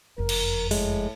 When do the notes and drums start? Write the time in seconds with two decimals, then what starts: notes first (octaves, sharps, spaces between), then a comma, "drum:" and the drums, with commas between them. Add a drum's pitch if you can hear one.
0.18 F#1 F2 A#4
0.29 drum: cymbal
0.71 A2 G#3, drum: open hi-hat